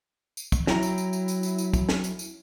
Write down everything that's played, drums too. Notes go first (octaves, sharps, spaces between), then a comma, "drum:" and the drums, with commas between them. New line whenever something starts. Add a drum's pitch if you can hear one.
drum: tambourine
drum: kick, tambourine
F#3 E4 G5 A#5, drum: snare
drum: tambourine
drum: tambourine
drum: tambourine
drum: tambourine
drum: tambourine
drum: tambourine
drum: kick, tambourine
drum: snare
drum: tambourine
drum: tambourine